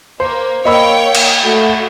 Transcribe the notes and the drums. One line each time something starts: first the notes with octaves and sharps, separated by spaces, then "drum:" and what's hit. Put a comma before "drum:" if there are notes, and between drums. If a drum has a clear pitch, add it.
A#3 C5
A#3 C#5 D#5 G5 B5 E6
drum: cymbal
A3 F#4